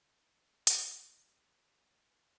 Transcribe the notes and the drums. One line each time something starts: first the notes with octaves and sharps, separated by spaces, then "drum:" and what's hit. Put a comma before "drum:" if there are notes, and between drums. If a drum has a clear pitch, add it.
A#1 G2 G3, drum: hi-hat